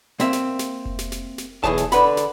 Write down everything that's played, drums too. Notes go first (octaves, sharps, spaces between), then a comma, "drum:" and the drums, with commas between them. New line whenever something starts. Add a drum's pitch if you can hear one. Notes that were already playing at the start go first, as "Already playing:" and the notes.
A#3 C4 E5, drum: snare
drum: snare
drum: snare
drum: kick F1
drum: snare
drum: snare
drum: snare
B1 D#3 E3 G#4 C#5 A5, drum: kick F1
drum: snare
D3 B4 F#5 B5, drum: snare
drum: snare